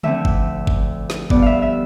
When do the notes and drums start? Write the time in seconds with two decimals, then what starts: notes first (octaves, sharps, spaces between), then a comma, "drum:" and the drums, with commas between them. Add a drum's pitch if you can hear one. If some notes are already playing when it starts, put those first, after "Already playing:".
0.03 D2 D3 F3 C4 E5, drum: tom
0.25 drum: kick G1
0.67 drum: kick G1
1.10 drum: snare
1.30 G2 F3 B3 D5, drum: kick G1
1.42 E5 F5
1.62 E5